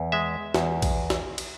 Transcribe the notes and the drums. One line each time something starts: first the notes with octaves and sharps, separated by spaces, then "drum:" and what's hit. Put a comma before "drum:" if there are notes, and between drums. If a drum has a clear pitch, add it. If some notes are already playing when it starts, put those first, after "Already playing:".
Already playing: E2
G#3 E5
E2, drum: snare
drum: kick, cymbal
drum: snare
drum: cymbal